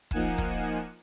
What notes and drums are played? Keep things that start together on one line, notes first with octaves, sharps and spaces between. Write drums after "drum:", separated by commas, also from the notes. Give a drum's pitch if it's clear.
F3 A#3 D#4 F#5 G#5 E7, drum: kick
drum: kick